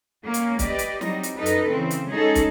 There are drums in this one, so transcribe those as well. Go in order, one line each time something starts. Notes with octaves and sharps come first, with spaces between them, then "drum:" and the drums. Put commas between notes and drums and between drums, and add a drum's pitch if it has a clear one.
A#3 C#4
drum: hi-hat
G3 G4 B4 D5 D#5, drum: kick, hi-hat
drum: hi-hat
F#3 G3 C4 D#4, drum: snare
drum: hi-hat
F#2 D#4 A4 B4
drum: hi-hat
C#3 E3 C4
drum: hi-hat
G#3 C#4 D#4 G#4 A4
drum: kick, hi-hat